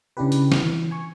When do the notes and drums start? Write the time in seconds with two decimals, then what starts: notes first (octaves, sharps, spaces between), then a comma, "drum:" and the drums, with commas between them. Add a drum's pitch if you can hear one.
0.17 C#3 C#4 D4 E4 G4 B4
0.32 drum: hi-hat
0.52 drum: snare
0.65 E3
0.91 G#5 C#6